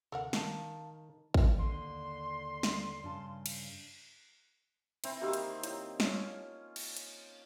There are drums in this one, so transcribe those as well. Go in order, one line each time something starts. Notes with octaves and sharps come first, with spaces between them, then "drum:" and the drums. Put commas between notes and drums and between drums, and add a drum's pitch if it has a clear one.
D2 C3 A4 A#4 F#5
D#3 F5 A5, drum: snare
drum: kick
D#2 D3 C6
drum: snare
G2 C#3 A5
drum: cymbal
E3 C4 E4, drum: cymbal
D#3 A#3 F#4 G4 E6
drum: hi-hat
E4 C5 C#5, drum: hi-hat
C#4 F4 A5, drum: snare
drum: cymbal
drum: hi-hat